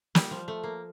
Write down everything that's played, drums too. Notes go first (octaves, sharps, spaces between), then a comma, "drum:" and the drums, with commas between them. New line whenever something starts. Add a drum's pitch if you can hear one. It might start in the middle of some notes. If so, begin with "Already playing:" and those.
G3, drum: snare
F3
A3
A#3